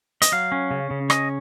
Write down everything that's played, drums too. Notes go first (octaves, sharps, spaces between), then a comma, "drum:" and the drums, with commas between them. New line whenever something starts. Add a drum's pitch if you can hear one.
D#5, drum: hi-hat
F#3 F5
C#4
C#3
C#3
C#4 D#5, drum: rim click